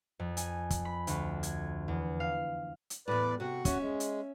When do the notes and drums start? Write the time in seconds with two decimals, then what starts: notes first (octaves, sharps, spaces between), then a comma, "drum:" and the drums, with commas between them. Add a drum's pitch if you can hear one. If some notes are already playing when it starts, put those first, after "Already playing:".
0.19 F2
0.37 G#5, drum: hi-hat
0.70 drum: kick, hi-hat
0.85 B5
1.07 D2, drum: hi-hat
1.43 G#6, drum: hi-hat
1.88 E2
2.20 F5
2.90 drum: hi-hat
3.08 E2 A2 B4 D5
3.40 C3 F#4 F#5
3.65 C#4 E5, drum: kick, hi-hat
3.81 G#3
4.00 drum: hi-hat